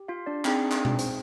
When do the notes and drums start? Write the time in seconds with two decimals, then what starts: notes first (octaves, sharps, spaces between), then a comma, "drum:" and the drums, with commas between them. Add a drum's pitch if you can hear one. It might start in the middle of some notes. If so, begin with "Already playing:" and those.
Already playing: G4
0.08 F4 F5
0.26 D4 D5
0.45 C4 D#4 G#4, drum: clap
0.71 drum: clap
0.85 drum: tom B2
0.99 C5, drum: hi-hat